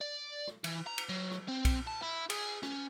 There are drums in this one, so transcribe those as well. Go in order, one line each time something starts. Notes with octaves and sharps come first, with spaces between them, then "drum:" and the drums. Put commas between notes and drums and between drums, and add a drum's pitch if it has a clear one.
D5
drum: rim click
E3, drum: cymbal
A#5
drum: cymbal
F#3
drum: rim click
C4
drum: kick B1, cymbal
A5
E4
G#4, drum: cymbal
C#4, drum: rim click